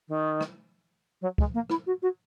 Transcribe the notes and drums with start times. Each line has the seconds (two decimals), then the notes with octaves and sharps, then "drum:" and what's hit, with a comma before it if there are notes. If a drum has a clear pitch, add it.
0.08 D#3
0.41 drum: rim click
1.22 F#3
1.38 G#3, drum: kick
1.54 A#3
1.70 E4, drum: rim click
1.87 F#4
2.02 F#4